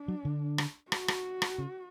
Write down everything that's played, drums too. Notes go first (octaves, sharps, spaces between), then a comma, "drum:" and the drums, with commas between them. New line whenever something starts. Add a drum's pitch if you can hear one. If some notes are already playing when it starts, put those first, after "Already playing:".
Already playing: D4
F#3
D3
drum: rim click
F#4, drum: rim click
drum: rim click
drum: rim click
C#3